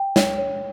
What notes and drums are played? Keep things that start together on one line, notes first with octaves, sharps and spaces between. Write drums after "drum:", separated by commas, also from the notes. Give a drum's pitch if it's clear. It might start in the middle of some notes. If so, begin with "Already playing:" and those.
Already playing: G5
C#5, drum: snare
C#5